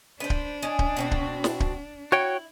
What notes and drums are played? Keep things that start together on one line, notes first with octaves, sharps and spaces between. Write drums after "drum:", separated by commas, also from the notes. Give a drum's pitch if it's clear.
D4 B4 C5
drum: kick D1
C#4 D#5
drum: kick D1
B2 C4 F#4
drum: kick D1
drum: snare
drum: kick D1
E4 F#4 C#5 G5